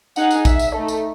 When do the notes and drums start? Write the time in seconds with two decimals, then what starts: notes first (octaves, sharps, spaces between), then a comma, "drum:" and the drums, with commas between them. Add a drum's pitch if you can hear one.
0.16 D#4 G#4 F#5, drum: tambourine
0.31 drum: tambourine
0.45 E5, drum: kick, tambourine
0.59 drum: tambourine
0.74 A3 D#4 A4
0.88 drum: tambourine